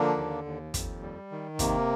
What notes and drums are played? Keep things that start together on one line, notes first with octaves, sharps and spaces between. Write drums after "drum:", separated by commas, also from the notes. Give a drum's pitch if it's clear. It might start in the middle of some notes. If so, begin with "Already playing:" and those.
Already playing: D3 F3 A#3 D4
D#2
D#2
F2, drum: kick, hi-hat
G3
D#3
C3 A#3, drum: kick, hi-hat